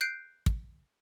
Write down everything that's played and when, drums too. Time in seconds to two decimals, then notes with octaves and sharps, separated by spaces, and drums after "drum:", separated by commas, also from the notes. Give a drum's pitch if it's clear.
0.01 F#6 G6 C7 D7
0.46 drum: kick